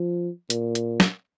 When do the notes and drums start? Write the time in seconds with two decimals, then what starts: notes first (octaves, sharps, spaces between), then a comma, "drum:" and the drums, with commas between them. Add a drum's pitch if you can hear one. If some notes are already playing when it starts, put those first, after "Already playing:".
Already playing: F3
0.50 A#2, drum: hi-hat
0.75 drum: hi-hat
1.00 drum: snare